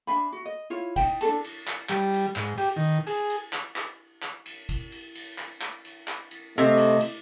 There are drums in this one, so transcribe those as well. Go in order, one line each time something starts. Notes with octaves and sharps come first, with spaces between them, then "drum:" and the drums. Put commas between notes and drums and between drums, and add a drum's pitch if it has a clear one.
D4 E5 G#5 B5
F#4
D#5
E4 F4 C#5
D#4 G5, drum: kick G#1, cymbal
D4 G#4 A4 A5, drum: cymbal
drum: cymbal
drum: clap
G3, drum: clap
drum: cymbal
G#2, drum: clap
G4, drum: cymbal
D#3
G#4, drum: cymbal
drum: cymbal
drum: clap
drum: clap
drum: clap
drum: cymbal
drum: kick G#1, cymbal
drum: cymbal
drum: cymbal
drum: clap
drum: clap
drum: cymbal
drum: clap
drum: cymbal
C3 A3 D#5
drum: cymbal
drum: cymbal